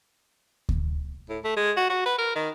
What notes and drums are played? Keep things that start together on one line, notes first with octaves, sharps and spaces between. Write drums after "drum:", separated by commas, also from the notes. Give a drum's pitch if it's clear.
drum: kick D2
A2
A3
G#3
F#4
F#4
B4
A#4
D#3